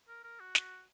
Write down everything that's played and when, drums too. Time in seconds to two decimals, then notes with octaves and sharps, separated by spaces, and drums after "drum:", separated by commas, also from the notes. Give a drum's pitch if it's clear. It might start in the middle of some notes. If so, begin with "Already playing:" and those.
0.09 A#4
0.24 A#4
0.40 F#4
0.55 drum: snare